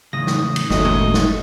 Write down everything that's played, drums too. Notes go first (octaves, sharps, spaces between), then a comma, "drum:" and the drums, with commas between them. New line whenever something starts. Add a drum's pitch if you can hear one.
E2 A2 C#3 D#6 A#6
drum: snare
drum: cymbal
G1 D#2 G#3 A3 F#4 D#5, drum: snare
drum: tom A2
drum: snare